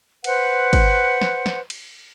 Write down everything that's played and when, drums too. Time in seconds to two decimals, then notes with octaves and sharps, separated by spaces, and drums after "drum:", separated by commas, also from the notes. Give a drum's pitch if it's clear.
0.24 B4 C5 F#5, drum: cymbal
0.73 drum: kick, cymbal
1.21 drum: snare
1.46 drum: snare
1.70 drum: cymbal